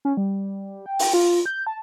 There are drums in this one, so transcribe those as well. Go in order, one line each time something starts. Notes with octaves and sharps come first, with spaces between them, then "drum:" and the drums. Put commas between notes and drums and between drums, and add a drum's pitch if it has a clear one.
C#4
G3
G5
drum: open hi-hat
F4
G6
A5